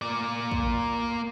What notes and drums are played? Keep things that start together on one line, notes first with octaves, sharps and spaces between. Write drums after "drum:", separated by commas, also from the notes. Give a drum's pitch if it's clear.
A#3 D5
drum: kick